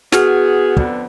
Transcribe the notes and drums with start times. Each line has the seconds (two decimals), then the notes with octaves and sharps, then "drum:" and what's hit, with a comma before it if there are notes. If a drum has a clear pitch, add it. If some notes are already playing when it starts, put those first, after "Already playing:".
0.12 B3 F#4 G#4 F6, drum: snare
0.77 F2 D3 B3, drum: kick